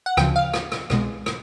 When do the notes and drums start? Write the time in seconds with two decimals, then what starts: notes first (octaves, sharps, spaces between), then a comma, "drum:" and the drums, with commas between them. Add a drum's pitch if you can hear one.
0.06 F#5
0.17 D2 C#3 F3 G5, drum: rim click
0.36 F5
0.54 drum: rim click
0.72 drum: rim click
0.90 C2 B2 G#3, drum: rim click
1.26 drum: rim click